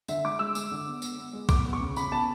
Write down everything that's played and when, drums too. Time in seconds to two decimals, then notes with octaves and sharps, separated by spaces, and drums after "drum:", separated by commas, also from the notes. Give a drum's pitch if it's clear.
0.08 D3 E5, drum: tambourine
0.25 G#3 D6
0.39 G#3 E6
0.55 G#3, drum: tambourine
0.71 D3
0.87 B3
1.02 B3, drum: tambourine
1.18 B3
1.33 G#3
1.49 B3 D6, drum: kick B1, tambourine
1.66 B3
1.73 C#6
1.81 C#3
1.96 C#3 B5, drum: tambourine
2.12 B3 A5